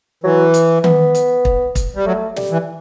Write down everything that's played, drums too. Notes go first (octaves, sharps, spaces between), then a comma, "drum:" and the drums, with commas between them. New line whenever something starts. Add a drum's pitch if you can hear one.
E3 F#3
drum: hi-hat
B3, drum: tom D#3
drum: hi-hat
drum: kick
drum: kick, hi-hat
G3
F#3 A3
G3, drum: snare
E3